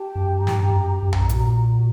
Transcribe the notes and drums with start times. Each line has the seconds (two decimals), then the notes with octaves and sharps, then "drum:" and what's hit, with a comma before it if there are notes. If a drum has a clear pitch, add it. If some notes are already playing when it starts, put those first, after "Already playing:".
Already playing: G4 A5
0.15 F#2
0.39 G2 A#5
0.47 A2, drum: snare
0.55 G2
0.70 F#2
0.87 A#5
1.02 F#2
1.13 drum: tom B1
1.29 A2, drum: hi-hat
1.34 A#2 F#4